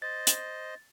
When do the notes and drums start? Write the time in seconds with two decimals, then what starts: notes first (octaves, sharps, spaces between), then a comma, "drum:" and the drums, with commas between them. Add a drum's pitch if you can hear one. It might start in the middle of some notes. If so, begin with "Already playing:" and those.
0.02 C5 D#5 A6
0.27 drum: hi-hat